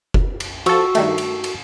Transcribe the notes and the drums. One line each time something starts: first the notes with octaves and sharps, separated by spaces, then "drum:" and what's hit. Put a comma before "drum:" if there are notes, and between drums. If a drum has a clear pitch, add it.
drum: kick F1
drum: cymbal
F3 F#4 A4 C#6 E6, drum: cymbal
G2 D#3 A3, drum: cymbal
drum: cymbal
drum: cymbal